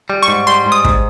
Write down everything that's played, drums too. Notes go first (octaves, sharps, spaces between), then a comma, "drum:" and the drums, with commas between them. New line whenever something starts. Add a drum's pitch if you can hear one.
G3
C#6
G#2
G3 C6
G#2
D#6
G#2, drum: kick